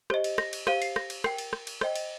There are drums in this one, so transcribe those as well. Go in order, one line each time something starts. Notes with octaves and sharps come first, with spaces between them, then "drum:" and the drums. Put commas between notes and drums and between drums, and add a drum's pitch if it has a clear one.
G4 C5 D#5, drum: rim click
drum: cymbal
A#6, drum: rim click
drum: cymbal
G4 C5 F5 D#7, drum: rim click
C7, drum: cymbal
A#6, drum: rim click
drum: cymbal
A#4 G5 C7, drum: rim click
drum: cymbal
drum: rim click
drum: cymbal
C5 D#5 G5, drum: rim click
drum: cymbal